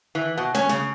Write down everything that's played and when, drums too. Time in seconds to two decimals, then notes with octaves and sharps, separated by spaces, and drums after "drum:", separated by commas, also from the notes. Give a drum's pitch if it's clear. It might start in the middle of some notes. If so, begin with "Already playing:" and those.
0.15 E3
0.37 B2
0.55 C#4, drum: snare
0.69 C#3, drum: snare